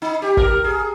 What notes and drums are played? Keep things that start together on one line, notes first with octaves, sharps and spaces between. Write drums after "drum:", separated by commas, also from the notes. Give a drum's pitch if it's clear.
D#4
G4
A#4, drum: kick
G#4